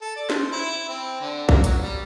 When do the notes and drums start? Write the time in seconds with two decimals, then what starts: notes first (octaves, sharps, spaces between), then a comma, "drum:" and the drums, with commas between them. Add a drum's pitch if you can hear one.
0.02 A4
0.16 D5
0.30 C5, drum: snare
0.52 E4
0.89 C4
1.21 D3
1.49 A#3, drum: kick A#1
1.64 F#3, drum: hi-hat
1.81 G3